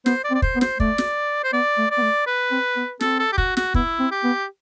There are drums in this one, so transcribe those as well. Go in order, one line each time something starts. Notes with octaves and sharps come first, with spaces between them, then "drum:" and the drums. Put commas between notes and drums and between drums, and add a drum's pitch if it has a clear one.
B3 C5, drum: snare
D5
C4
D5
C5, drum: kick
B3
C5, drum: snare
A3 D5, drum: kick
drum: snare
C5
B3 D5
A3
D5
B3
A3
B4
C4
B3
C4 A4, drum: snare
A4
G4
F#4, drum: kick
F#4, drum: snare
B3 E4, drum: kick
C4
G4
B3